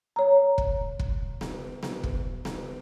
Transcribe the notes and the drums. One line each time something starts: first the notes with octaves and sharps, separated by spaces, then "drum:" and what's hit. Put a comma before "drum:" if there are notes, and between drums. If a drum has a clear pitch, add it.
C#5 A#5
drum: kick
drum: kick
drum: snare B3
drum: snare B3
drum: kick
drum: snare B3